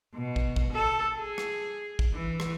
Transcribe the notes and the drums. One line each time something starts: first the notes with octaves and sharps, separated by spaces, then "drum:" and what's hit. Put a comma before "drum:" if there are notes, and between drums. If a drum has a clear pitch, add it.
B2
drum: kick
drum: kick
A4
G#4
drum: rim click
drum: kick
E3
drum: rim click